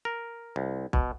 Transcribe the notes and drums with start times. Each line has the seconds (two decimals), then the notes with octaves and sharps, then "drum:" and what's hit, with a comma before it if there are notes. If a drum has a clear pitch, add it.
0.05 A#4
0.56 C2
0.93 B2, drum: kick